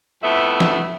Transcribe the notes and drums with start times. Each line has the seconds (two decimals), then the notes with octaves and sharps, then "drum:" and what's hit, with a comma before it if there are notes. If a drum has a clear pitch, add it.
0.23 F2 A2 A3 B3 E5
0.60 drum: snare